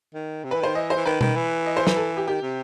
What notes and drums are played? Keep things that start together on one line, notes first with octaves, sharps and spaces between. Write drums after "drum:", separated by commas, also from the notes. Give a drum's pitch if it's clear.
D#3
C3
E3 B4
D#3 C5
E3 D#5
C5
E3
D#3 B4
D#3, drum: tom B2
E3
D#5
C5
B4, drum: snare
A4
G4
D#3 G4
C3